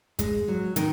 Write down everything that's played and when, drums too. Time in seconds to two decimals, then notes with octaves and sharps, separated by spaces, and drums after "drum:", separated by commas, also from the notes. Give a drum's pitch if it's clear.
0.19 G#3, drum: kick, hi-hat
0.48 F#3
0.76 D#3, drum: hi-hat